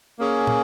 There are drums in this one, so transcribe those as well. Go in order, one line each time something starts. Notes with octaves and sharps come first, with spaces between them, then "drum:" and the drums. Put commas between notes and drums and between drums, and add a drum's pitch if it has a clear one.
A#3 C#4 G#4
drum: tom